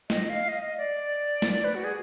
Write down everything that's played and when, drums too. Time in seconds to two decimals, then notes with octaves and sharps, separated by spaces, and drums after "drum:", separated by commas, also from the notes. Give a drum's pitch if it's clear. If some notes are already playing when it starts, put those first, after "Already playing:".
0.10 D#5, drum: snare
0.29 F5
0.49 D#5
0.77 D5
1.42 drum: snare
1.64 B4
1.75 F#4
1.84 G#4